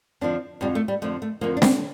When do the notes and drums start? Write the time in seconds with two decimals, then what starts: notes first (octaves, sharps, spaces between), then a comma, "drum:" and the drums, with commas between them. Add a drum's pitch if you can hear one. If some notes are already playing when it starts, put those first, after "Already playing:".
0.21 F2 D3 F3 D4
0.61 F2 D3 F3 G3
0.75 A3
0.88 G3
1.02 F2 D3 F3 A3
1.22 A3
1.41 F2 D3 F3 A#3
1.57 D4
1.62 C4, drum: snare